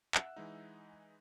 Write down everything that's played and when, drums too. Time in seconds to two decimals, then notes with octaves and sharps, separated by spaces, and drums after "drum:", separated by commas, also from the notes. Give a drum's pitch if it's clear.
0.15 E5 F#5 E6 F#6, drum: clap
0.36 E3 G#3 D#4